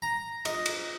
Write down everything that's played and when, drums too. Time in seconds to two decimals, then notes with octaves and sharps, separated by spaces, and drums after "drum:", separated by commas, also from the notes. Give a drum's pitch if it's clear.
0.02 A#5
0.45 D#5, drum: cymbal
0.66 drum: cymbal